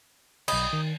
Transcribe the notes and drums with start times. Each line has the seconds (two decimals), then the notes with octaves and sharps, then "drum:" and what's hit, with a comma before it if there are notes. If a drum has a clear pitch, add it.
0.48 B1 D#4 B5, drum: cymbal
0.73 D#3